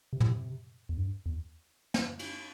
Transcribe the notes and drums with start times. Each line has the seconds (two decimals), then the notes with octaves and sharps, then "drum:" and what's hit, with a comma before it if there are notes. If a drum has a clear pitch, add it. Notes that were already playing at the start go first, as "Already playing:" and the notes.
0.13 C3
0.20 A2, drum: tom
0.29 C3
0.89 E2
0.98 G2
1.26 E2
1.94 drum: snare
2.19 drum: cymbal